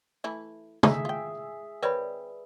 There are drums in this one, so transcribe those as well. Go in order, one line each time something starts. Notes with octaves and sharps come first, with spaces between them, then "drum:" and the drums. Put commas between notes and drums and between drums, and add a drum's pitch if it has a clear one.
E3 A3 E4
A3 D#4 G#4 E5, drum: tom
F4 G5
C4 A#4 B4 C#5 D5 B5